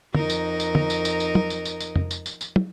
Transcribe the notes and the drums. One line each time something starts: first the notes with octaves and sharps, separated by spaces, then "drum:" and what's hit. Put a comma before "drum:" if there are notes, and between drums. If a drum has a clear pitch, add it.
F2 D#4 A#4, drum: tom
drum: tambourine
drum: tambourine
drum: tom
drum: tambourine
drum: tambourine
drum: tambourine
drum: tom
drum: tambourine
drum: tambourine
drum: tambourine
drum: tom F2
drum: tambourine
drum: tambourine
drum: tambourine
drum: tom